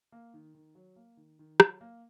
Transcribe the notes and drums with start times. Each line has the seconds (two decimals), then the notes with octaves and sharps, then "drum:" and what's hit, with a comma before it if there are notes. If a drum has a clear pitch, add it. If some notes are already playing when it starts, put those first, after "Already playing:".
0.12 A#3
0.34 D#3
0.55 D#3
0.75 F#3
0.96 A#3
1.17 D#3
1.39 D#3
1.60 F#3, drum: rim click
1.81 A#3